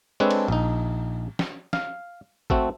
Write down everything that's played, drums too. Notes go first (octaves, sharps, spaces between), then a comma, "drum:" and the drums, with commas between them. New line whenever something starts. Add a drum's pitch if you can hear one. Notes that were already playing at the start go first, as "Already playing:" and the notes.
G#3 C4 D4 A4 B4 C#5
drum: cymbal
A#1 D#4
drum: snare
F5, drum: snare
A3 C4 F#4 A4, drum: kick G#1